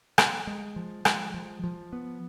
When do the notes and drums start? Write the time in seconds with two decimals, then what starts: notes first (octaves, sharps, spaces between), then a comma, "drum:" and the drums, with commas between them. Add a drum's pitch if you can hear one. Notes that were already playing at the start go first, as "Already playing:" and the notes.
0.18 B3, drum: rim click
0.47 G#3
0.76 F3
1.05 G#3, drum: rim click
1.34 F3
1.64 F3
1.93 B3